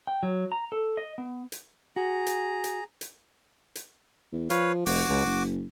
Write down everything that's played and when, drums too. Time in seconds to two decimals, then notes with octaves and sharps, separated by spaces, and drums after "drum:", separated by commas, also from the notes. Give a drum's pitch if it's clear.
0.07 G5
0.23 F#3
0.52 A#5
0.72 A4
0.97 D#5
1.18 B3
1.52 drum: hi-hat
1.96 F#4 G#4 A#5
2.26 drum: hi-hat
2.64 drum: hi-hat
3.01 drum: hi-hat
3.75 drum: hi-hat
4.32 E2
4.50 F3 B4 C#5 F5, drum: hi-hat
4.86 F1 F#4 D6, drum: open hi-hat
5.09 C#2
5.25 F#1